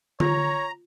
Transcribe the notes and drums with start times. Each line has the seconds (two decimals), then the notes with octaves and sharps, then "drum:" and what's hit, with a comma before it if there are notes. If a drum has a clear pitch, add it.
0.20 F4 C#5 A#5, drum: tom D3